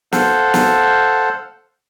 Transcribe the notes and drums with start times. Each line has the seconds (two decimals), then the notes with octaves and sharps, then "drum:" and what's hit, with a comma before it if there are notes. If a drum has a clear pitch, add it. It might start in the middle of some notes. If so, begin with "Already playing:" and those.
0.12 A4 C5 F5 F#5, drum: snare
0.54 drum: snare